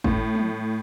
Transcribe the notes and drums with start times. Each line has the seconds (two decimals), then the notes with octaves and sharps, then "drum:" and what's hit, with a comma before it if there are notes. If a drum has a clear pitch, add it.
0.04 A2, drum: kick G#1
0.35 drum: tom